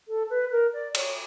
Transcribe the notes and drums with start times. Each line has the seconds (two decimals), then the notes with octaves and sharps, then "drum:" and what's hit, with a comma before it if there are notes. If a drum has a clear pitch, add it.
0.07 A4
0.30 B4
0.51 A#4
0.73 D5
0.95 C#5, drum: cymbal